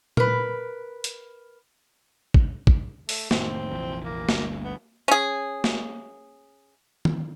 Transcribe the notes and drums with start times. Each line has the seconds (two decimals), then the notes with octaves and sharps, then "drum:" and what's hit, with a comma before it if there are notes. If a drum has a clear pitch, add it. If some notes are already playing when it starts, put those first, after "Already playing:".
0.17 A#4 B4, drum: tom A#2
1.04 drum: hi-hat
2.34 drum: kick
2.67 drum: kick
3.09 A3, drum: open hi-hat
3.31 F1 A2 D#3 C4, drum: snare
3.72 F1 A#1 E3
4.05 A#3
4.29 G1 D2 G2, drum: snare
4.64 B3
5.08 C#4 G#4
5.64 drum: snare
7.05 drum: tom D#3